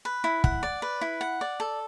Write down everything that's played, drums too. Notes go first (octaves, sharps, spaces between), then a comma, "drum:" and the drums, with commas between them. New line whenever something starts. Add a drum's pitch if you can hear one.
B4
E4
F#5, drum: kick
D5
B4
E4
F#5
D5
A4